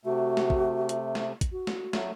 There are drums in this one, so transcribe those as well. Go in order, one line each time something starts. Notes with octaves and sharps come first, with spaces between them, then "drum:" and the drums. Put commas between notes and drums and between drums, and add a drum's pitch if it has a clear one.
C3 A3 F#4
drum: snare
drum: kick
drum: hi-hat
drum: snare
drum: kick, hi-hat
F#4
drum: snare
F#3 A3, drum: snare